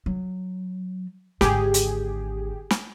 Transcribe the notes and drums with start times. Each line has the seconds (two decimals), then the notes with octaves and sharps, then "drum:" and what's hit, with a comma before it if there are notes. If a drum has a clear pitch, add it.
0.06 F#3
1.41 G#1 D3 G4 G#4, drum: snare
1.74 drum: hi-hat
2.71 drum: snare